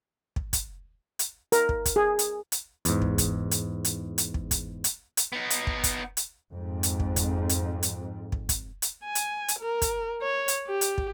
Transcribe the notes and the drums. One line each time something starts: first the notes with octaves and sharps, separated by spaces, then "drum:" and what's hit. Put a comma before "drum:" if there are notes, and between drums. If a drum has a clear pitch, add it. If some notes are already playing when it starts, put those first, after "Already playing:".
drum: kick
drum: kick, hi-hat
drum: hi-hat
A#4, drum: hi-hat
drum: kick
drum: kick, hi-hat
G#4
drum: hi-hat
drum: hi-hat
E2 G#2, drum: hi-hat
drum: kick
drum: kick, hi-hat
drum: hi-hat
drum: hi-hat
drum: hi-hat
drum: kick
drum: kick, hi-hat
drum: hi-hat
drum: hi-hat
B3 D#4
drum: hi-hat
drum: kick
drum: kick, hi-hat
drum: hi-hat
F2 G#2
drum: hi-hat
drum: kick
drum: kick, hi-hat
drum: hi-hat
drum: hi-hat
drum: kick
drum: kick, hi-hat
drum: hi-hat
G#5
drum: hi-hat
drum: hi-hat
A#4
drum: kick, hi-hat
C#5
drum: hi-hat
G4
drum: hi-hat
drum: kick